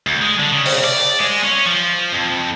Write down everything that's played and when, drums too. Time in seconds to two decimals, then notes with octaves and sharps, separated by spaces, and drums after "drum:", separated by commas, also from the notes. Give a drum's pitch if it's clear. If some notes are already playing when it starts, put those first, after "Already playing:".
0.07 D2
0.22 G#3
0.39 D3
0.52 C#3
0.65 drum: open hi-hat
0.84 D5
1.19 G#3
1.43 C#4
1.66 F3
2.13 F2